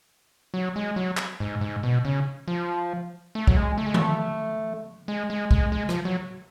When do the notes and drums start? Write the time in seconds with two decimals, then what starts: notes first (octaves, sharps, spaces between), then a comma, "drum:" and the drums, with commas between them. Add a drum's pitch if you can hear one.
0.54 F#3
0.76 G#3
0.96 F#3
1.17 drum: clap
1.40 G#2
1.61 G#2
1.83 B2
2.05 C#3
2.48 F3
3.35 A3
3.47 F#3, drum: kick
3.57 G#3
3.78 A3
3.86 G#3
3.94 A3, drum: tom D#3
5.08 G#3
5.30 G#3
5.51 G#3, drum: kick
5.72 G#3
5.89 F3, drum: rim click
6.05 F#3